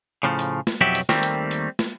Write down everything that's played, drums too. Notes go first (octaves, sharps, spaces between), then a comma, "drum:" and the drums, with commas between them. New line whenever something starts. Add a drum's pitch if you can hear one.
A2 C#3 F3 A3
drum: hi-hat
drum: snare
B1 F2 F#3 B3 E4 G4
drum: hi-hat
D#2 D#3 G3 A3 A#3 C4, drum: snare
drum: hi-hat
drum: hi-hat
drum: snare